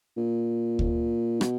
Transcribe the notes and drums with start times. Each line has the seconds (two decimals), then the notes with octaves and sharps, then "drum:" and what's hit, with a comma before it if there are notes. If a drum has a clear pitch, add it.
0.17 A#2
0.79 drum: kick D2
1.41 B2, drum: rim click